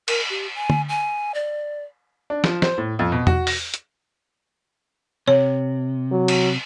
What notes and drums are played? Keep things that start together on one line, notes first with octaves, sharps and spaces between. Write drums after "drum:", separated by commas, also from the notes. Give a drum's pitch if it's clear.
A#4, drum: cymbal
G4
G#5
drum: tom D3
G#5
D5
D4
F3, drum: snare
C5, drum: snare
A2
F2
B2
F#4, drum: tom E2
A#6, drum: open hi-hat
drum: hi-hat
C3 C#5
F#3
drum: cymbal